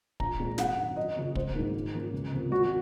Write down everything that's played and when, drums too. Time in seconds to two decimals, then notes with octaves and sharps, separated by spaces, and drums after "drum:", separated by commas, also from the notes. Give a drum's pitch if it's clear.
0.20 A#1 A#5, drum: kick
0.40 A#2 G#3 C4
0.58 G#1 F#5, drum: snare
0.78 F#2 D#3
0.96 F#2 D#5
1.17 C#3 F3 A#3 C#4
1.35 G#1 C5, drum: kick
1.54 G#2 D#3 A#3
1.74 G#2
1.94 F3 A#3 C#4
2.12 C#2
2.32 C3 F3 A#3
2.51 G#1 F#4